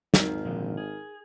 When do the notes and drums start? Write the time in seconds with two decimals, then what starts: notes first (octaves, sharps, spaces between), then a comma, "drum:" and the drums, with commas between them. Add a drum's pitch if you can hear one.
0.14 G#1 D#4 A#4, drum: snare
0.45 A#2 D3 F3
0.77 G#4